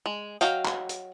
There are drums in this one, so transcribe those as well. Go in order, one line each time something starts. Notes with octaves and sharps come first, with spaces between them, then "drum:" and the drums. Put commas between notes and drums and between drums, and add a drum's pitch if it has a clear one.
G#3
F#3 F#4 D#5 F5 G5, drum: hi-hat
drum: clap
drum: hi-hat